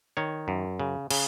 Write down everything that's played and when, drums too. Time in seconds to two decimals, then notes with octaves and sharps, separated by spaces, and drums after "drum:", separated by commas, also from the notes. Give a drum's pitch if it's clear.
0.17 D#3 C#5
0.48 F#2
0.80 C#3
1.11 C#3, drum: cymbal